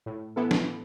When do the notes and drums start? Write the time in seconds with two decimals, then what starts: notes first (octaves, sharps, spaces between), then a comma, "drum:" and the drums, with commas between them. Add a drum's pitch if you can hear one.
0.06 A2
0.36 E3 B3 E4 A4
0.51 drum: snare